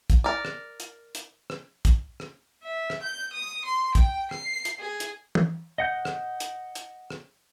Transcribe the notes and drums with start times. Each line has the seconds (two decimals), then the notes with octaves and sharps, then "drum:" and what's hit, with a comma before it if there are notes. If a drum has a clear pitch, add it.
0.10 drum: kick, hi-hat
0.24 A#4 D5
0.45 drum: rim click
0.80 drum: hi-hat
1.15 drum: hi-hat
1.50 drum: rim click
1.85 drum: kick, hi-hat
2.20 drum: rim click
2.63 E5
2.90 drum: rim click
3.02 G6
3.33 D#6
3.65 C6
3.95 G5, drum: kick, hi-hat
4.31 C7, drum: rim click
4.65 drum: hi-hat
4.80 G#4
5.00 drum: hi-hat
5.35 drum: tom
5.78 D#5 F#5 G6
6.05 drum: rim click
6.40 drum: hi-hat
6.75 drum: hi-hat
7.10 drum: rim click